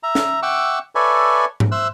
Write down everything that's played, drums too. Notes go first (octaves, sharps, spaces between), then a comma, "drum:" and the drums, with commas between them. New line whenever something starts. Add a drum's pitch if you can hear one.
E5 A#5
drum: snare
E5 F#5 G5 C#6 D6 E6
A4 B4 C#5 D5 E5 G#5
drum: tom G#2
C5 E5 E6 F#6